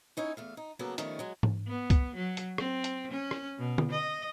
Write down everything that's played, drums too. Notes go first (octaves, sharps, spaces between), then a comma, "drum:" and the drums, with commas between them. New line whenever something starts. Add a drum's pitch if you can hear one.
C#4 D#4 E4 C#5
E2 A3 F5
D#4
C#3 F#3 A#3 B3 A4
D#3 F3 G3 A3 C#4, drum: hi-hat
F#3 G#3
drum: tom G#2
B3
drum: kick C2, hi-hat
F#3
drum: hi-hat
C4, drum: rim click
drum: hi-hat
C#4
drum: rim click
B2
drum: tom D3
D#5